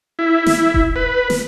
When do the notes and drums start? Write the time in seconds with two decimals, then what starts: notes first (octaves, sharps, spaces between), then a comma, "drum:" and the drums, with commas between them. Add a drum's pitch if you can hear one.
0.19 E4
0.46 drum: snare
0.74 drum: kick D#1
0.96 B4
1.30 drum: snare